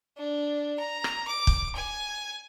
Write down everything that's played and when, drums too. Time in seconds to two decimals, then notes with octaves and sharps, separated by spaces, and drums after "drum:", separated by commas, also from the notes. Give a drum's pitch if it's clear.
0.17 D4
0.79 A#5
1.04 drum: rim click
1.27 D6
1.47 drum: kick
1.75 G#5